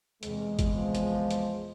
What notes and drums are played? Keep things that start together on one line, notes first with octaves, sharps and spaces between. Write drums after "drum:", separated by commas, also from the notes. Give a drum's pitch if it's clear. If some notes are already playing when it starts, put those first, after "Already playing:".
E2 C3 G#3, drum: hi-hat
drum: kick G1, hi-hat
F3
drum: hi-hat
drum: hi-hat